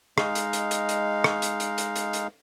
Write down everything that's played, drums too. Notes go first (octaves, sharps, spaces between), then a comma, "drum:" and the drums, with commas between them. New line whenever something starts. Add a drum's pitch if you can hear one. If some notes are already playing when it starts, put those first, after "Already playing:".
G#3 D#4 F5, drum: rim click
drum: hi-hat
drum: hi-hat
drum: hi-hat
drum: hi-hat
drum: rim click
drum: hi-hat
drum: hi-hat
drum: hi-hat
drum: hi-hat
drum: hi-hat